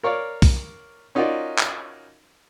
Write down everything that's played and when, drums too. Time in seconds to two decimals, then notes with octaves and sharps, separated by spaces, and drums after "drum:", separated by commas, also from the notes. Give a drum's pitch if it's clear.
0.03 A#4 C#5 D5 F5
0.42 drum: kick B1, open hi-hat
1.15 C#4 D#4 F4 F#4 A#4 D5
1.59 drum: clap